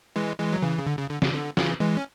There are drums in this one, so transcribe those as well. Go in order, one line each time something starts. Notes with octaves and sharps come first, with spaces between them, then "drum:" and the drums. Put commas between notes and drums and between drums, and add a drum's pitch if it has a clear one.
E3 G#3
E3 G#3
F#3
C#3 E3
C#3
D3
C#3
D3
C#3, drum: snare
D3
C#3 E3, drum: snare
E3 G#3
C#4